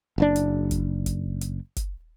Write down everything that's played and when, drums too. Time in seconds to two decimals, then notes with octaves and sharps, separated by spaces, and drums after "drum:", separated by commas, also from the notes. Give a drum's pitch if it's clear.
0.18 F#1 A#2 D4
0.36 drum: hi-hat
0.71 drum: kick, hi-hat
1.06 drum: kick, hi-hat
1.41 drum: hi-hat
1.77 drum: kick, hi-hat